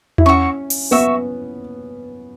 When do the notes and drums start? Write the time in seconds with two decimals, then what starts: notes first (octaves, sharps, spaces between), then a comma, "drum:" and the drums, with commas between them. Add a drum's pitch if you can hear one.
0.18 E4, drum: tom E2
0.26 C#4 F#4 E5 C#6
0.70 drum: open hi-hat
0.91 B3 F#4 E5 C#6